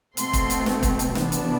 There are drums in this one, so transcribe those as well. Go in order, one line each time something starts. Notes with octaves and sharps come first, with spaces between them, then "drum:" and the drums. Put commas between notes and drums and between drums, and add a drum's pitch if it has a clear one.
B2 A3 C4 C6, drum: hi-hat
drum: kick, hi-hat
drum: hi-hat
drum: snare
drum: kick, hi-hat
drum: hi-hat
C3 E3 B3 D4, drum: snare
drum: hi-hat